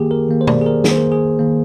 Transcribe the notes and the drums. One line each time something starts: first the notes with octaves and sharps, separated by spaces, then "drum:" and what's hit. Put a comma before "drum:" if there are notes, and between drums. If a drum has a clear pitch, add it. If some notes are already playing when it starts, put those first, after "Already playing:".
Already playing: D#3 A#3 G4 G#4
A#4
D#3 A#3
C5
D5, drum: tom B2
G#4
A#4
D#3 A#3 G#4, drum: snare
C5
A#4
G#4
D#3 A#3